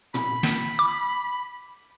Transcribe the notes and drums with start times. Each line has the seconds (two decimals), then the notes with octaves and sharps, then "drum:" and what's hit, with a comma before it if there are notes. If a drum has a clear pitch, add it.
0.14 B5, drum: tom
0.43 drum: snare
0.79 D6